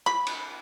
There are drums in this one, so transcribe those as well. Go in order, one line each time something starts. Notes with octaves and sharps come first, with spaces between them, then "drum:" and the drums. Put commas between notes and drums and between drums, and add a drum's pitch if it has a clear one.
B5, drum: rim click
drum: cymbal